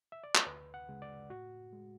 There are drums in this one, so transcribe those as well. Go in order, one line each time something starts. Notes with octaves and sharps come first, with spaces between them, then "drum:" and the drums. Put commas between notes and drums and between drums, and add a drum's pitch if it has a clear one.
E5
D5
C#5, drum: clap
D2 B4
F#5
C#3 G#3
D5
A2 F#4
G#3